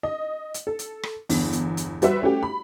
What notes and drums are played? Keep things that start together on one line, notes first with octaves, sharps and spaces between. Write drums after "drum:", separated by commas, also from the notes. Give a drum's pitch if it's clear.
D#5
drum: hi-hat
A4
drum: hi-hat
drum: rim click
G1 E2, drum: open hi-hat
drum: hi-hat
drum: hi-hat
G3 F#4 B4 C5 E5, drum: hi-hat
A3 C#4 F#4 G4
B5